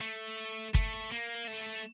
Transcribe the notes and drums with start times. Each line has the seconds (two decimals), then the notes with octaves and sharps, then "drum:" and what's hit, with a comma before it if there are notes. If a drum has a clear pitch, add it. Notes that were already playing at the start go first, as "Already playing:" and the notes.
0.01 A3
0.74 A3, drum: kick
1.11 A#3
1.47 A3